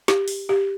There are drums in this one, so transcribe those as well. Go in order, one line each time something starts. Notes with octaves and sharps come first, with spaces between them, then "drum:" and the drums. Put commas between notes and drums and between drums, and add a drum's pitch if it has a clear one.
G4, drum: snare
drum: open hi-hat
G4